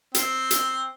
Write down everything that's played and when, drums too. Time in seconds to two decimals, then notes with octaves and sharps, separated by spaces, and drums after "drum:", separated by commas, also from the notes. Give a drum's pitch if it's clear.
0.14 C4, drum: hi-hat
0.51 drum: hi-hat